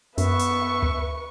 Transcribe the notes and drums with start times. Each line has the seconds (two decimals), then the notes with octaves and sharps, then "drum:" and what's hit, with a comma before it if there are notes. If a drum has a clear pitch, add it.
0.18 F#2 B3 B4 E5 C#6, drum: hi-hat
0.39 drum: hi-hat
0.82 drum: tom D2